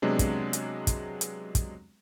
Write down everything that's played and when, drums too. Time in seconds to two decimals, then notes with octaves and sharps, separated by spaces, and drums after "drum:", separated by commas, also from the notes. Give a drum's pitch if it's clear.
0.02 C3 F#3 G#3 B3 D4
0.19 drum: kick, hi-hat
0.53 drum: hi-hat
0.87 drum: kick, hi-hat
1.21 drum: hi-hat
1.55 drum: kick, hi-hat